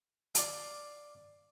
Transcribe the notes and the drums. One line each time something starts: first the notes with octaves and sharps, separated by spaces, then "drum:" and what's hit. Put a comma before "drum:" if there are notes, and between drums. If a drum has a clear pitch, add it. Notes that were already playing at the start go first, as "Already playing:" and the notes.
D5 F5, drum: hi-hat